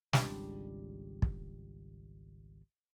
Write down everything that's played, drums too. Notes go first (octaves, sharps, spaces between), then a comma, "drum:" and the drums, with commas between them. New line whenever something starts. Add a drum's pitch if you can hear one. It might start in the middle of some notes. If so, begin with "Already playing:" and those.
G#1 C#2 G3 D4, drum: snare
drum: kick